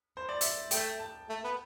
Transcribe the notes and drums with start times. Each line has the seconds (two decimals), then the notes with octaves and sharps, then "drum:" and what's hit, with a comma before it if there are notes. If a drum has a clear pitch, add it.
0.17 C5
0.29 D5
0.41 E5, drum: hi-hat
0.71 A3 G5, drum: hi-hat
0.99 A5
1.29 A3
1.44 B3